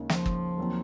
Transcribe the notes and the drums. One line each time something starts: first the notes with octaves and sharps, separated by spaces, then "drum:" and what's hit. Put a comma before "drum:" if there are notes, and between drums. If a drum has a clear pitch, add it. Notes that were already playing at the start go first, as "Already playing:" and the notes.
Already playing: D#2 C#3 G#3 D#4
F3, drum: snare
drum: kick
D#2 D#3 F#3 C4